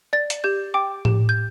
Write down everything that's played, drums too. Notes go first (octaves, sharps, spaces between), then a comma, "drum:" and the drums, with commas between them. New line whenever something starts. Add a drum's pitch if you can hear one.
D5 A6
drum: hi-hat
G4 G6
G5 D6
G4, drum: tom A2
G6